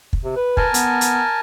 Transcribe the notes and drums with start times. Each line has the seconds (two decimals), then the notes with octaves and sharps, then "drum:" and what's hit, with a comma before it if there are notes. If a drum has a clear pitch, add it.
0.13 drum: kick
0.25 C3
0.37 B4
0.57 A#4 G#5 A5, drum: kick
0.74 B3, drum: hi-hat
1.01 drum: hi-hat